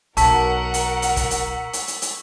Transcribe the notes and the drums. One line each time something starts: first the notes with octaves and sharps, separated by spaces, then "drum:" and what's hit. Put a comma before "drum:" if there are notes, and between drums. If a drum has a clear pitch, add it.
B1 A#4 F#5 A5 C#6 E6 B6, drum: hi-hat
drum: hi-hat
drum: hi-hat
drum: kick, hi-hat
drum: hi-hat
drum: hi-hat
drum: hi-hat
drum: hi-hat